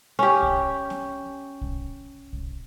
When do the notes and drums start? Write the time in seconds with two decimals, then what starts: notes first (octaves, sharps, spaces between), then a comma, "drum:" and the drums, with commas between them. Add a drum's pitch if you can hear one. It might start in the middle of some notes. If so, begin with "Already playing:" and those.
0.19 C#4 G4
0.43 drum: kick
0.90 drum: snare
1.61 drum: kick
2.33 drum: kick